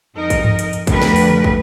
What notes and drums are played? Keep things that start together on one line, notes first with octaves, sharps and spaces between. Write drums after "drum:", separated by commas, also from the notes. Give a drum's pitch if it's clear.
F2 D#4 A#4 D#5
drum: kick, hi-hat
drum: tom G2
drum: hi-hat
drum: hi-hat
F2 D3 A3 G4 A#4 B4, drum: kick, hi-hat
drum: snare
drum: open hi-hat
drum: tom C#3
drum: kick